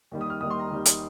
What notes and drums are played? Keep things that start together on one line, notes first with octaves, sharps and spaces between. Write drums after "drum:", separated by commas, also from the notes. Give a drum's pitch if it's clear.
D#2 D#3 G3
D#6
F6
D#2 D#3 G3 D#6
C6
A#5
D#2 D#3 G3
drum: hi-hat